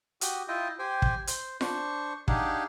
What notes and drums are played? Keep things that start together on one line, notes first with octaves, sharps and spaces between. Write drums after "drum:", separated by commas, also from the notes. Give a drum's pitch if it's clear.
F#4 G4 D#6, drum: hi-hat
E4 F4 D#5 G5
G4 C5 G5 G#5
drum: kick
C5, drum: hi-hat
D4 C5 C#6, drum: snare F4
D4 D#4 G4 G#4 F5 F#5, drum: kick